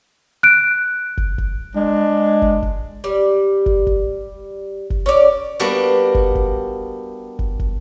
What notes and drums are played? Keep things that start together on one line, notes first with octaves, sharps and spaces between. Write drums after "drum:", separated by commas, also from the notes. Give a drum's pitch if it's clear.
F#6 D7
drum: kick
drum: kick
G#3 D4
drum: kick
drum: kick
G3
drum: kick
drum: kick
drum: kick
C#4 D5
G3 A#3 B3 D4 F#4 G4
drum: kick
drum: kick
drum: kick
drum: kick